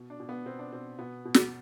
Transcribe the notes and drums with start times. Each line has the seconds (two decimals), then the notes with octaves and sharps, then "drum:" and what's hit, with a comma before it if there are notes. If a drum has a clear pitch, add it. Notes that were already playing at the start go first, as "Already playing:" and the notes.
Already playing: B2
0.10 D4
0.20 B2
0.29 B3
0.46 B2 C4
0.59 D4
0.72 B2 C4
0.99 B2 B3
1.25 B2
1.34 drum: snare